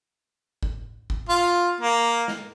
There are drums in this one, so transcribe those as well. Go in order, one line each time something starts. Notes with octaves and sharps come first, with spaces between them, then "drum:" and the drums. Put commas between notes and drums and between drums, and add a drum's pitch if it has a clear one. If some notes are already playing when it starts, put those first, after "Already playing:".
drum: kick
drum: kick
F4
A#3
drum: snare